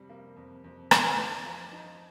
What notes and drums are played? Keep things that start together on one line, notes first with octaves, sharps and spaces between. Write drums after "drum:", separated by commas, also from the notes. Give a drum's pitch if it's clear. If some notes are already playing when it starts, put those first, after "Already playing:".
Already playing: F2 C3 G3
A#3
F2
F2
D#4, drum: rim click
D#4
F3
D#4